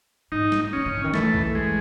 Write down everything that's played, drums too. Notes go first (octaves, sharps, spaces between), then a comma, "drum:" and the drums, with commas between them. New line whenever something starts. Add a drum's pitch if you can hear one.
G#2 D#4
drum: snare
D#3 C#4
C#3
D#3
E3 A3, drum: snare
drum: kick A#1
G#3